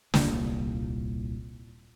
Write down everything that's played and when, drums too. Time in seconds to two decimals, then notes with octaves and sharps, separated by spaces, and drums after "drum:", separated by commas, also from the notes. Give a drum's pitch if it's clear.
0.14 D#1 C2 A#2, drum: snare